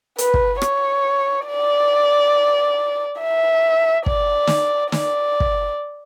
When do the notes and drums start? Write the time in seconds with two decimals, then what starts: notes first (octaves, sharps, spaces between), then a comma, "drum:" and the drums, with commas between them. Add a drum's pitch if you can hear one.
0.18 B4, drum: hi-hat
0.34 drum: kick
0.62 C#5, drum: rim click
1.48 D5
3.20 E5
4.06 D5, drum: kick
4.47 drum: snare
4.92 D5, drum: snare
5.40 drum: kick